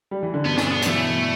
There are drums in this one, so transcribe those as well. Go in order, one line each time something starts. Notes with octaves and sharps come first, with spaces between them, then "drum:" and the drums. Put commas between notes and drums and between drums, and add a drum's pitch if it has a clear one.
G3
E3
D3
G2 B2 B3
D4, drum: snare
B3
G3, drum: hi-hat
B2 E3 A3